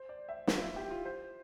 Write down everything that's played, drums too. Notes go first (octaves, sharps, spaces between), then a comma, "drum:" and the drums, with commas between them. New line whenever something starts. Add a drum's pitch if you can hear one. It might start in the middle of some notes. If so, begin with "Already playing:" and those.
Already playing: C5
D5
E5
F4, drum: snare
E4
G4
F4
C5